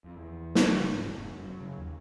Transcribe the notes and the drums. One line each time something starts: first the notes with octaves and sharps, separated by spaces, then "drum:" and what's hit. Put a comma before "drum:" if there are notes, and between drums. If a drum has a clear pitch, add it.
F2
E2
A#3, drum: snare
C#3
G#2
F1
F#2
F#3
C#3
D#2